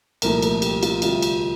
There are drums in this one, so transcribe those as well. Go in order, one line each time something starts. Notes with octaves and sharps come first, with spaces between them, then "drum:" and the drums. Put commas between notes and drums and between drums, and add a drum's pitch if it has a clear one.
C2 A#2 F3 A3 A#4, drum: cymbal
A4, drum: cymbal
G4, drum: cymbal
F4, drum: cymbal
D2 C3 G3 F4, drum: cymbal
drum: cymbal